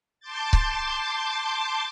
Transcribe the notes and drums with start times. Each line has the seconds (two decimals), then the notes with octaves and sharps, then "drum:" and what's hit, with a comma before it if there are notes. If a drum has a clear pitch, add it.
0.20 A5 C6 D6 G6 A6
0.53 drum: kick C#1